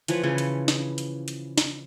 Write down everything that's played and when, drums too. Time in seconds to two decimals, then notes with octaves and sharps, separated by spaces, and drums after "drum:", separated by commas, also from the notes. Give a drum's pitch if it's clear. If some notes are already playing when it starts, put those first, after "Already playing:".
0.08 E3 F3 B4 C#5, drum: hi-hat
0.23 C#3 E3 F3 G#5
0.38 drum: hi-hat
0.68 drum: snare
0.98 drum: hi-hat
1.28 drum: hi-hat
1.58 drum: snare